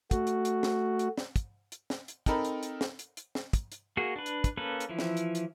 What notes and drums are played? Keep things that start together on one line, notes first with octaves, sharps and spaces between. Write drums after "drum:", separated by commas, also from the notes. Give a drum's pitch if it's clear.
A3 F#4, drum: kick, hi-hat
drum: hi-hat
drum: hi-hat
drum: snare
drum: hi-hat
drum: snare
drum: kick, hi-hat
drum: hi-hat
drum: snare
drum: hi-hat
C4 D#4 A4 A#4 B5, drum: kick, hi-hat
drum: hi-hat
drum: hi-hat
drum: snare
drum: hi-hat
drum: hi-hat
drum: snare
drum: kick, hi-hat
drum: hi-hat
A#3 F#4 G#4
D4 B4
drum: hi-hat
drum: kick, hi-hat
A#3 C#4 A4 B4
drum: hi-hat
E3 F3 E4
drum: snare
drum: hi-hat
drum: hi-hat